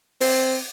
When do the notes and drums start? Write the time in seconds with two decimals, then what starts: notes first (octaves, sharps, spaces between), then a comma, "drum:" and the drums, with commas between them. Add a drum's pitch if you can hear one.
0.21 C4, drum: open hi-hat